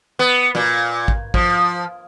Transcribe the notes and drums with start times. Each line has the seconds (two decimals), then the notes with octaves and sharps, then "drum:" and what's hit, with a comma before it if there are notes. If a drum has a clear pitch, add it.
0.19 B3
0.55 A#2, drum: snare
1.08 drum: kick
1.34 F3, drum: kick